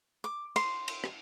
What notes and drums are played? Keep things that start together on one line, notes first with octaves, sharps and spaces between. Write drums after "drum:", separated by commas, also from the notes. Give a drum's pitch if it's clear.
D6
C6, drum: cymbal
drum: cymbal
drum: rim click